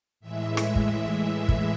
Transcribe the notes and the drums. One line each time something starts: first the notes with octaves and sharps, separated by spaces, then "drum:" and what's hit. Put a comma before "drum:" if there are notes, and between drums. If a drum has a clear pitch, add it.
A2 E3 G#3 E5
drum: rim click
drum: kick
drum: kick